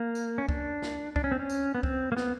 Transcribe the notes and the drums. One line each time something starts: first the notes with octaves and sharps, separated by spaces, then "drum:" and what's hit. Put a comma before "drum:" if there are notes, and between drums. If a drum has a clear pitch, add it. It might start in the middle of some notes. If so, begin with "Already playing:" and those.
Already playing: A#3
drum: tambourine
C#4
D4, drum: kick
drum: snare
D4, drum: kick
C#4
C4
C#4
drum: tambourine
B3
C4, drum: kick
A#3
B3, drum: snare